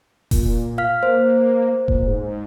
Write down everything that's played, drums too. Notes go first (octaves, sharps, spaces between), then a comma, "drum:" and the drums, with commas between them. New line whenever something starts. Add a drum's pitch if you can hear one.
A#2, drum: kick E1, open hi-hat
F5 F6 B6
A#3 C5
A#2, drum: kick E1
G#2